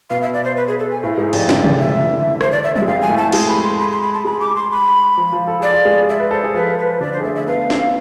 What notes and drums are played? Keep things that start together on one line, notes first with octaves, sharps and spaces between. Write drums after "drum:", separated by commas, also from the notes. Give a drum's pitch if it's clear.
B2 B3 F5
E5
D5
C5
B4
G#4
A4
G#5
A2 A3 F5
G#2 G#3 E5
F2 F3 D5, drum: cymbal
D3 E5, drum: snare
D5, drum: tom C3
C3
E5
D3
E3
D3
C5, drum: rim click
D5
E5
E5, drum: tom F3
G#3
F2 F3 F5
G#5
A2 A3
A5
G#3 G#4 A5, drum: cymbal
B5
C6
B5
C6
B5
A5
G#3 G#4 B5
D6
C6
B5
F3 F4
F3 F4
A4
G#4 D5
F4
G#3 G#4
E5
B4
A4 C5
G#4
F3 F4 B4
B4
D3 D4 D5
C5
G#4
A3 A4 E5
E5
B3 B4 F5
A3 A4, drum: snare